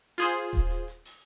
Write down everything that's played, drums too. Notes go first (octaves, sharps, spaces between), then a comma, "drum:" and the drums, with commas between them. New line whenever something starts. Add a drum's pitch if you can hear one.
F4 G#4 C5
drum: kick D#1, hi-hat
drum: hi-hat
drum: hi-hat
drum: open hi-hat